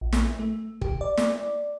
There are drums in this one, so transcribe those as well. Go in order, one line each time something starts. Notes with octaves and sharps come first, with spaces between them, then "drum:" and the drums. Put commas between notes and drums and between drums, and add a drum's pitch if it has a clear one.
A#1
drum: snare
A3
G4, drum: kick
D5
drum: snare